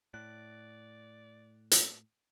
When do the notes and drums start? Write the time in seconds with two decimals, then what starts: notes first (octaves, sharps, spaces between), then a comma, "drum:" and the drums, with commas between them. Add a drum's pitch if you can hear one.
0.14 A2 D5 F#6
1.71 drum: hi-hat